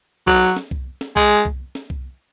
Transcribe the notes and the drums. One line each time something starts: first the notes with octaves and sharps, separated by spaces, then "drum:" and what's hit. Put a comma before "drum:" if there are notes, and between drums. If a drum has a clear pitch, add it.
F#3, drum: kick C2
drum: snare
drum: kick C2
drum: snare
G#3, drum: kick C2
drum: kick C2
drum: snare
drum: kick C2